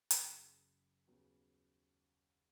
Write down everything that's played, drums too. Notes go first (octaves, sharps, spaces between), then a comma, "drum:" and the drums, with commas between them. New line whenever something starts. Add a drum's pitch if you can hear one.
F#1 F#2 C#3, drum: hi-hat
D#2 C#3 F#3 B3